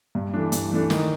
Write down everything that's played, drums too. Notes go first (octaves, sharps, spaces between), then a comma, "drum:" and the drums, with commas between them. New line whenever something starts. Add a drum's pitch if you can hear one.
G2
E3 A3 D4
G2, drum: hi-hat
E3 A3 D4
D#3, drum: snare